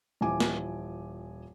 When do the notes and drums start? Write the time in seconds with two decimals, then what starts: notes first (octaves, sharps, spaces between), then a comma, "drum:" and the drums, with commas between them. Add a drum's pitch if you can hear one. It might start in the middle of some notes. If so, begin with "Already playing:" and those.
0.21 D#1 E3 F3 G#5 D6
0.40 drum: snare